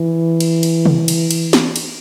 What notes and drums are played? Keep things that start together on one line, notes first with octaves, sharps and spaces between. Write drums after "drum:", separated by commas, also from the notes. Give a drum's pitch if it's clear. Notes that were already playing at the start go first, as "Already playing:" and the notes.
Already playing: E3
drum: cymbal
drum: cymbal
drum: tom C3
drum: cymbal
drum: cymbal
drum: snare
drum: cymbal